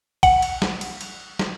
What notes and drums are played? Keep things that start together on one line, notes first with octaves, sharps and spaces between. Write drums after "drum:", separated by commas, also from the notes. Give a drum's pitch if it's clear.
F#5, drum: kick, cymbal
drum: cymbal
drum: snare
drum: cymbal
drum: cymbal
drum: snare